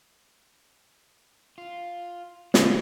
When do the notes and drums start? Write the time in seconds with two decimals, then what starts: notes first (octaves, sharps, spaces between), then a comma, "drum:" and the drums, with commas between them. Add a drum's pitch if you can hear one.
1.58 F4
2.54 D3, drum: snare